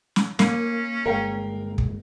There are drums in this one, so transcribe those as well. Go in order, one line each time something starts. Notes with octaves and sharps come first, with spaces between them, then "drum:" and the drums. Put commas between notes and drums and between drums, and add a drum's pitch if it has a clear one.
drum: snare
A#3 C#4 C7 D#7, drum: snare
G1 G#3 A#4 F5 G5
drum: kick